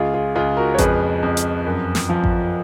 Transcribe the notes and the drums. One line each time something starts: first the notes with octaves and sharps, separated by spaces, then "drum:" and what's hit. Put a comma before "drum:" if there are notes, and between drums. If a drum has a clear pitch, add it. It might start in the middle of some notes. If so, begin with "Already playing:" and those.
Already playing: C#2 F4 G#4
F4 G#4
C#2 F4 G#4
F#4 A#4
C#5
F2 G#4 B4, drum: kick A1, hi-hat
F2
drum: hi-hat
F#2
drum: snare
F3
drum: kick A1